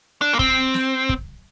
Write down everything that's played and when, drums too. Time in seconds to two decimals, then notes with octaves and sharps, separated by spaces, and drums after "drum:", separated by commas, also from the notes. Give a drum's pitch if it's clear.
0.21 D4
0.33 A#3
0.39 C4, drum: kick
0.74 drum: snare
1.09 drum: kick